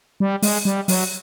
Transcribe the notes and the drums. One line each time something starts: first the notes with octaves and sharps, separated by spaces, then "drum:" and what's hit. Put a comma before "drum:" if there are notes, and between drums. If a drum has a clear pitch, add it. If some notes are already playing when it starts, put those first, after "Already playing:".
G3
G#3, drum: open hi-hat
G3
F#3, drum: open hi-hat